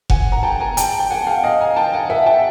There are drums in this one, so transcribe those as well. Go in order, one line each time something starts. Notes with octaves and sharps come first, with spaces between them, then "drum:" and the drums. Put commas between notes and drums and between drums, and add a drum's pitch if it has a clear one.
F#5 G#5, drum: kick F1
A#5
G5 A5
G#5 A#5
G5 A5, drum: hi-hat
G5
F#5 G#5
F5 G5
D#5 F5
G#5 A#5
G5 A5
F#5 G#5
E5 F#5
G5 A5